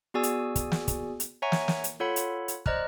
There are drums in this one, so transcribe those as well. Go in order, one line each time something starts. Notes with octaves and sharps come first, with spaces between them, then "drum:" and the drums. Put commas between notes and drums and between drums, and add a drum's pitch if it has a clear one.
B3 F#4 G#4 D5 G#5 E6
drum: hi-hat
drum: kick, hi-hat
drum: snare
drum: kick, hi-hat
drum: hi-hat
C#5 E5 F#5 G#5 A#5 C#6
drum: snare
drum: snare
drum: hi-hat
F4 A4 C#5 F#5 B5
drum: hi-hat
drum: hi-hat
C5 D5 D#5 A#5 F6 F#6, drum: kick